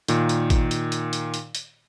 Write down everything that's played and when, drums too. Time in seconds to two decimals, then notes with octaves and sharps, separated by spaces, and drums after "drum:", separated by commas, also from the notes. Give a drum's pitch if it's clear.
0.08 A#2 D#3, drum: hi-hat
0.29 drum: hi-hat
0.50 drum: kick G#1, hi-hat
0.71 drum: hi-hat
0.92 drum: hi-hat
1.13 drum: hi-hat
1.34 drum: hi-hat
1.55 drum: hi-hat